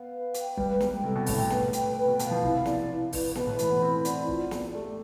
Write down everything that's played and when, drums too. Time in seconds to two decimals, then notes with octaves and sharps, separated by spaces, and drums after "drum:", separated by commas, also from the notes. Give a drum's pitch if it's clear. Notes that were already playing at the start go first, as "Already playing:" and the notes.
Already playing: B3 F5
0.12 B4
0.34 G5, drum: hi-hat
0.57 G3 B4, drum: kick
0.80 G3 G5, drum: snare
1.03 C3 A4
1.16 B2
1.26 A2 G5, drum: kick, open hi-hat
1.38 A2
1.50 B4, drum: snare
1.73 G5, drum: hi-hat
1.97 B4
2.08 B2
2.19 B2 F5, drum: hi-hat
2.31 F3
2.43 C3 E4, drum: kick
2.65 D5, drum: snare
2.88 E4
3.13 B4, drum: kick, open hi-hat
3.35 B2 B4, drum: snare
3.47 A2
3.59 E3 B5, drum: hi-hat
3.70 B3
3.81 C4 E4
4.05 B3 D5, drum: hi-hat
4.28 F4, drum: kick
4.51 D5, drum: snare
4.74 A3 G4